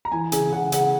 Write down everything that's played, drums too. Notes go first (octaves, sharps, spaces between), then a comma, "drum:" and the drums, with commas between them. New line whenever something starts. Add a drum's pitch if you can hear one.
A#5
E3 G#5
C#3 G#5, drum: hi-hat
C#3 F#5
C#3 F#5, drum: hi-hat